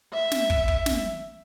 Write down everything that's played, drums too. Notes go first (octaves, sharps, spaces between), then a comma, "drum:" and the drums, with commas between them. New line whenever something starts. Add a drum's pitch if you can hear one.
E5
drum: snare
drum: kick
drum: kick
drum: snare